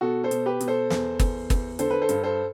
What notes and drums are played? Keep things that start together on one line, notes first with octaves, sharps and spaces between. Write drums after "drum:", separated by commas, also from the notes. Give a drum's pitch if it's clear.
B2 F#4 A4
A4 C5
B2, drum: hi-hat
G4 B4
B2, drum: hi-hat
A4 C5
E2, drum: snare
E2, drum: kick G1, hi-hat
E2, drum: kick G1, hi-hat
D3 A4 C5, drum: hi-hat
B4
A4 C5
G2, drum: hi-hat
A4 C5